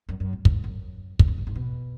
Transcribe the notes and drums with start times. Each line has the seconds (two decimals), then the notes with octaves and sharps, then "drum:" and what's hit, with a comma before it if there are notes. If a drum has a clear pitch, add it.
0.09 F#2
0.20 F#2
0.33 A2
0.45 G#2, drum: kick
0.64 F#2
1.19 F#2, drum: kick
1.28 E2
1.38 F#2
1.47 G#2
1.55 B2